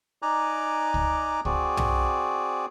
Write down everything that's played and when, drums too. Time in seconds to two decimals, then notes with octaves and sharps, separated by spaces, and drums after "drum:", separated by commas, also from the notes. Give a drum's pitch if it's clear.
0.22 D#4 D5 G#5 A#5 D6 F#6
0.94 drum: kick
1.45 C4 F#4 G#4 D5, drum: kick
1.77 drum: tom B1